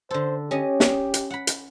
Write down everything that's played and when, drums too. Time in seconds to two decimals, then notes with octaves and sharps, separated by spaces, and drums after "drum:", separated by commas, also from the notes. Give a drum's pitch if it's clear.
0.11 D3 A4 C5
0.51 C#4 G4 D#5
0.80 drum: snare
1.14 drum: hi-hat
1.30 F#5 B5
1.47 drum: hi-hat